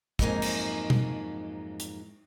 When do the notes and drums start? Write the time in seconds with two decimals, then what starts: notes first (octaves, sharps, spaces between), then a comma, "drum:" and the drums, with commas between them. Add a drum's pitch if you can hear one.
0.19 F2 G#2 F#3 A#3 D#4 G#5, drum: kick
0.42 drum: cymbal
0.90 drum: tom B2
1.80 drum: hi-hat